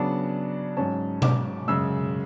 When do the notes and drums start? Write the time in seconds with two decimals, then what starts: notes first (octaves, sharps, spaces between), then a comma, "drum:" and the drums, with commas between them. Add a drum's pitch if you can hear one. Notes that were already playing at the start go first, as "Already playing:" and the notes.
Already playing: C#3 F#3 B3 D4 A5
0.77 G#2 F#3 C#4 A5
1.22 D6, drum: tom B2
1.68 F#2 C#3 G#3 E6